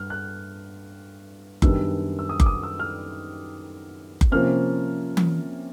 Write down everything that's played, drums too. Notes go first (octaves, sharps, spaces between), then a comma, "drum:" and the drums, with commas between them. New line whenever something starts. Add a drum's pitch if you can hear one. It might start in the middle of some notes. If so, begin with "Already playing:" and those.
Already playing: G2 F6
F#6
F#2 D#3 G3 B3 D4 E6, drum: kick F#1
E6
D#6
D6, drum: kick F#1
D#6
E6
F6
drum: kick F#1
C3 F3 A#3 C#4 F6
drum: tom E3